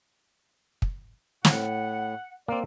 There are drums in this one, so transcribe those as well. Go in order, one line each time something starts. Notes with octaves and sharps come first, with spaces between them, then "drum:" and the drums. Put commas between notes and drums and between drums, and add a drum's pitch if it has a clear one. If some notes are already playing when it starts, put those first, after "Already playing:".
drum: kick
A2 F#5, drum: snare
A#3 C4 D5